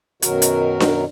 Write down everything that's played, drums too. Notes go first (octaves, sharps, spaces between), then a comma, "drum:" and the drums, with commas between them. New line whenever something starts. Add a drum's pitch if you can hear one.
F#2 B2 D#3 F#3 F#4 A#4, drum: hi-hat
drum: hi-hat
drum: snare D4